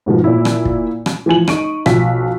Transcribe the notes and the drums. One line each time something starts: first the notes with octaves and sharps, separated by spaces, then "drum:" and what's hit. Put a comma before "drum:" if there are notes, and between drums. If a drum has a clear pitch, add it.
G#2 B2 D#3 F3
A#2 E4
drum: rim click
drum: kick
drum: rim click
E3 F3 G#5 F#7
D#4 C#6 D7 D#7, drum: rim click
B1 F3 F5 B6, drum: rim click